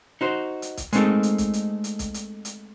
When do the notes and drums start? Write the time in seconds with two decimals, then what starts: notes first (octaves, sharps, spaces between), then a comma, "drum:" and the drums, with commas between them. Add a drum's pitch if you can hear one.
0.21 D#4 F#4 C5
0.62 drum: hi-hat
0.77 drum: kick, hi-hat
0.93 G#3 A3 C4 D#4 A4 A#4, drum: hi-hat
1.23 drum: hi-hat
1.38 drum: kick, hi-hat
1.53 drum: hi-hat
1.84 drum: hi-hat
1.99 drum: kick, hi-hat
2.14 drum: hi-hat
2.45 drum: hi-hat